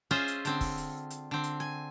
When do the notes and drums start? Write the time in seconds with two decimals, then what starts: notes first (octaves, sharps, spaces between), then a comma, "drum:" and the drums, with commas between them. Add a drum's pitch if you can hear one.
0.11 C#4 F4 G#4 C5 D#5 E5
0.28 drum: hi-hat
0.45 D3 C4, drum: hi-hat
0.61 drum: kick, open hi-hat
0.77 drum: hi-hat
1.10 drum: hi-hat
1.31 D3 C4
1.44 drum: hi-hat
1.60 G#5